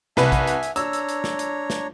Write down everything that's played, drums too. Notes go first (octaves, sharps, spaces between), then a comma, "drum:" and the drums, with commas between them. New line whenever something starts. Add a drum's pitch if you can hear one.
C2 B4 E5 G#5, drum: snare
drum: kick A#1, hi-hat
drum: hi-hat
drum: hi-hat
D4 C#5 A#5 E6, drum: hi-hat
drum: hi-hat
drum: hi-hat
drum: snare
drum: hi-hat
drum: snare